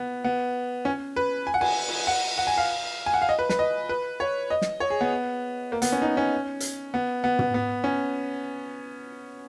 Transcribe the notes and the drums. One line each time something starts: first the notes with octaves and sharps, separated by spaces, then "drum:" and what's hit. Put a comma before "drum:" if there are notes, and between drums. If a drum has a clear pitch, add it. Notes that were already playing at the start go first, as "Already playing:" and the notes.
Already playing: B3
B3
C#4
B4
G#5
F#5
G#5, drum: cymbal
drum: cymbal
F#5
F#5
G#5
F5
G#5
F#5
F5
D#5
B4
B4, drum: snare
D#5
B4
C#5
D#5
drum: snare
C#5
G#4
B3
A#3
B3, drum: hi-hat
C#4
D#4
C#4
drum: hi-hat
B3
B3
drum: tom
B3
C#4